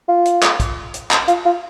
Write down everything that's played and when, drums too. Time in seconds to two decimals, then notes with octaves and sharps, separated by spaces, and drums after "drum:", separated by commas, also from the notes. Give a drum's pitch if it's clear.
0.09 F4
0.26 drum: hi-hat
0.43 drum: clap
0.60 drum: kick, hi-hat
0.94 drum: hi-hat
1.11 drum: clap
1.28 F4, drum: hi-hat
1.46 F4